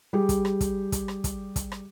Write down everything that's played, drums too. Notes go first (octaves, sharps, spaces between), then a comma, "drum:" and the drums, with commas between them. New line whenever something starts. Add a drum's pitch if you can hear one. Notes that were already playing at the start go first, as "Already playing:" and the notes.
G3 G4 G#4
drum: kick, hi-hat
drum: rim click
drum: kick, hi-hat
drum: kick, hi-hat
drum: rim click
drum: kick, hi-hat
drum: kick, hi-hat
drum: rim click